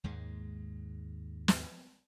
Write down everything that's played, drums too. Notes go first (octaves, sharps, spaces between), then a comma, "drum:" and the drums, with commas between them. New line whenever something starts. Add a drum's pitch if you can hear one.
D#2 G#2 G#3
drum: snare